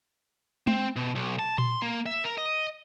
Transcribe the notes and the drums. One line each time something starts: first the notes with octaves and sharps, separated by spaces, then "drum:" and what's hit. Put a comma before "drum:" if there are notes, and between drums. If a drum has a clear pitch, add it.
C4, drum: tom G#3
B2
B1
A5
C6, drum: tom A#2
A#3
E5
A#4
D#5